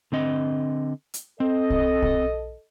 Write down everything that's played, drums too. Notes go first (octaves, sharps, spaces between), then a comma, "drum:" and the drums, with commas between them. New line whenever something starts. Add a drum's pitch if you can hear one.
D3 C4 D#5
drum: hi-hat
C4 A4 D#5
drum: kick
drum: kick